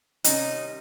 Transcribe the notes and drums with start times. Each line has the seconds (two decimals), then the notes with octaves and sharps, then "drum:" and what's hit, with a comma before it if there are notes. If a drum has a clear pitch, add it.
0.24 C3 D#3 G3 C#4 D#4, drum: hi-hat